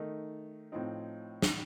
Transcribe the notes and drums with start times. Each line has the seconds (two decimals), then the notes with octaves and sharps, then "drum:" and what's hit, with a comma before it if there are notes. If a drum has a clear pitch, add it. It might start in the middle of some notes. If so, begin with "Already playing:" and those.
Already playing: D#3 A3 D#4
0.72 A2 F3 C4 D#4
1.42 drum: snare